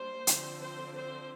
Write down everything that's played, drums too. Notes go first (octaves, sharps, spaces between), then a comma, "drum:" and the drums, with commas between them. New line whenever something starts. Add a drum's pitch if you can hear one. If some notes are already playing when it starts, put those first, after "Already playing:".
Already playing: G3 A#3 D4 C5
D3 F3 C4, drum: hi-hat
C5
C5